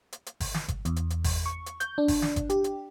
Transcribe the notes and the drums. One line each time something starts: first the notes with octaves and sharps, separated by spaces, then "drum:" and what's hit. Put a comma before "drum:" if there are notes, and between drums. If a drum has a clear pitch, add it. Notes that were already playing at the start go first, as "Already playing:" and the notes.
drum: hi-hat
drum: hi-hat
drum: kick G1, open hi-hat
drum: snare
drum: kick G1, hi-hat
E2, drum: hi-hat
drum: hi-hat
drum: hi-hat
drum: kick G1, open hi-hat
C#6
drum: hi-hat
G6, drum: hi-hat
D4
drum: kick G1, open hi-hat
drum: snare
drum: kick G1, hi-hat
G4, drum: hi-hat
drum: hi-hat